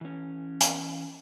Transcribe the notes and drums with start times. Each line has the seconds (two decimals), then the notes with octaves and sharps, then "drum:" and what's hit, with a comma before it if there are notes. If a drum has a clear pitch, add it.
0.01 E3 C#4
0.61 drum: hi-hat